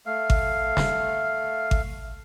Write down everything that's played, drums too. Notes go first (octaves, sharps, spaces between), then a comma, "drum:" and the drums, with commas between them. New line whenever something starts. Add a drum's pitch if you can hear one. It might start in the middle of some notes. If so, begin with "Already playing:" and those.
A3 F5
drum: kick G#1
drum: snare
drum: kick G#1